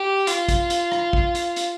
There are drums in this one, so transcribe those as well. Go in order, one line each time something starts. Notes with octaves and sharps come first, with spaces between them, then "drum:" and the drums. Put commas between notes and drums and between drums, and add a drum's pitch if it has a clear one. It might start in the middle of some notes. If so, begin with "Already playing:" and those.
Already playing: G4
F4, drum: hi-hat
drum: kick, hi-hat
drum: hi-hat
drum: rim click
drum: kick
drum: hi-hat
drum: hi-hat